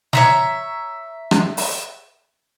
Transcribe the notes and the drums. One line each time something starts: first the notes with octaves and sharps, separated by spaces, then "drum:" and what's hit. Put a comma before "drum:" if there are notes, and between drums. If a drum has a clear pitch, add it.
C#5 E5 A#5, drum: snare
drum: rim click
drum: open hi-hat